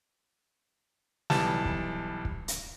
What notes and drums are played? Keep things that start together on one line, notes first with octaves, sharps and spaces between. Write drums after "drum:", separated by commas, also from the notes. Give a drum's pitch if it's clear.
B1 E3 G3 A5, drum: snare
drum: kick
drum: kick
drum: hi-hat